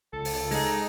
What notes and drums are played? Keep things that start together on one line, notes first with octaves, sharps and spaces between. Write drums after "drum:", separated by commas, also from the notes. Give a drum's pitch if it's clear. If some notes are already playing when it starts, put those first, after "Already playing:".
C#2 A4
drum: open hi-hat
G#3 D#4 G#4, drum: open hi-hat